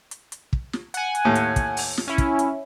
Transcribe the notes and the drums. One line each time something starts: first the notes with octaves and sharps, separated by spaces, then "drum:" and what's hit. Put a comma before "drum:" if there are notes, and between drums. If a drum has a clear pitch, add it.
drum: hi-hat
drum: hi-hat
drum: kick
drum: snare
F#5 G#5, drum: hi-hat
drum: hi-hat
D#2 A2
drum: hi-hat
drum: kick, hi-hat
drum: open hi-hat
drum: snare
C#4 E4
drum: kick, hi-hat
drum: hi-hat